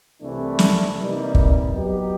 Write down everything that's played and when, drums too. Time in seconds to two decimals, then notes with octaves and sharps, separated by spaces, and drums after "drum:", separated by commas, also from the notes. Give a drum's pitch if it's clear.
0.21 C2 C3 E3 A3 D4
0.59 drum: snare
0.97 C3 E3 G3 A#3 D#4
1.35 drum: kick
1.73 F#3 B3 D#4 G4